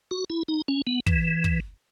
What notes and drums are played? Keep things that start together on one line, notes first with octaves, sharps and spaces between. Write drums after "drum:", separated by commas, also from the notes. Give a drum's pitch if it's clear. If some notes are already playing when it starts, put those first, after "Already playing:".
F#4
E4
D#4
C#4
B3
E3, drum: kick
drum: kick